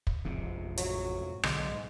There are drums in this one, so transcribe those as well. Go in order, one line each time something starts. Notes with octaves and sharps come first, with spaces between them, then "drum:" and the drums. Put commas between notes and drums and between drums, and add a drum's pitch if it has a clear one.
drum: kick
A1 F2 G#2 C3
F#3, drum: hi-hat
B1 D3 G#3, drum: rim click
G#2